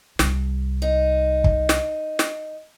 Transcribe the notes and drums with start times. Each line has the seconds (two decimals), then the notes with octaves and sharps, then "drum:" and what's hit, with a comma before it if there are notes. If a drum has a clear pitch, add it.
0.19 C2, drum: snare
0.82 D#4
1.44 drum: kick
1.69 drum: snare
2.19 drum: snare